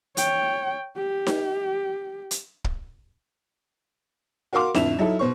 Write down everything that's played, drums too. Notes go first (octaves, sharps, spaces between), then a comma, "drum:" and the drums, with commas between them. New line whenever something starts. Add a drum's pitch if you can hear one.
C#5 G5, drum: hi-hat
G4
drum: snare D#4
drum: hi-hat
drum: kick
F#4 A#4 F5 C6 D6 F6
F2 A2 D3 E5 E7 F7, drum: snare D#4
F#3 D#4 E4 A4
B2 C5 C#6